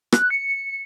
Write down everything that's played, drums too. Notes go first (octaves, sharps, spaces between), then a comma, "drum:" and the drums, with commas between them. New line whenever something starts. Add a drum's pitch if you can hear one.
F#6, drum: rim click
C#7